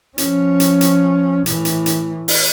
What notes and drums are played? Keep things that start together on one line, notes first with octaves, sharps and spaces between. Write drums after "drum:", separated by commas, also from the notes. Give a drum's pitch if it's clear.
F3 C#4, drum: hi-hat
drum: hi-hat
drum: hi-hat
A2 E3, drum: hi-hat
drum: hi-hat
drum: hi-hat
drum: open hi-hat